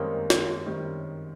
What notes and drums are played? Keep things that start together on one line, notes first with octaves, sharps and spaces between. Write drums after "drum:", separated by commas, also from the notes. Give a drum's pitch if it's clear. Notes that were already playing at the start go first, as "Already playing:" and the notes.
Already playing: F#2 D#3 G3 G#3 A#3 C4
drum: snare
F#2 D#3 G3 C4